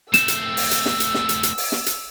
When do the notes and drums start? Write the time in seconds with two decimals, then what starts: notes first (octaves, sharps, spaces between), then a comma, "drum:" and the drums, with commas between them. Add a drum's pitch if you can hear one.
0.14 A3 C4 E6 E7, drum: hi-hat
0.28 drum: hi-hat
0.57 drum: open hi-hat
0.71 drum: hi-hat
0.86 drum: snare
1.00 drum: hi-hat
1.14 drum: snare
1.29 drum: hi-hat
1.43 drum: hi-hat
1.58 drum: open hi-hat
1.72 drum: snare
1.86 drum: hi-hat